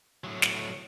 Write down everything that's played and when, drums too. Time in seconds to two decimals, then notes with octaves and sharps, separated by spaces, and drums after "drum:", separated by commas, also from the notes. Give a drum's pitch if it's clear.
0.24 A2 F#3
0.42 drum: snare